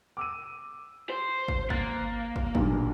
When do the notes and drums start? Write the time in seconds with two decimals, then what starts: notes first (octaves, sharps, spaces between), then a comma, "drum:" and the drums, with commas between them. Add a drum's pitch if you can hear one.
0.17 D6 E6 D#7
1.09 C5
1.48 drum: kick
1.70 A#3 F#6 A6, drum: kick
2.36 drum: kick
2.55 B1 G2 A#2, drum: kick